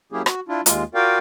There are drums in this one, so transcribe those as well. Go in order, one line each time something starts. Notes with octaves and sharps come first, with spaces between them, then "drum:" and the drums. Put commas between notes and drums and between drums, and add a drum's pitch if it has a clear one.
F#3 A#3 C#4 E4 G4 G#4
F#4, drum: rim click
D4 E4 F4
D#2 G#3 F4, drum: hi-hat
F4 F#4 A#4 D5 F5 G5